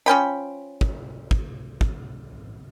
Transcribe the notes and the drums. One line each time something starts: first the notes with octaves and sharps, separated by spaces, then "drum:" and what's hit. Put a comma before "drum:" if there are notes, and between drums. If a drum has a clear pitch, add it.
F3 C#4 G5 B5
drum: kick
drum: kick
drum: kick